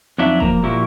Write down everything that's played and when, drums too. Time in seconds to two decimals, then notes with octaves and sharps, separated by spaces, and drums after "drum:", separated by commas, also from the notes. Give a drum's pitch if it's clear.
0.18 F2 F#3 D4 D#4 E5
0.40 F3 A#3 A#5, drum: kick F1
0.63 A#2 F3 E4 F#4 G4 A#4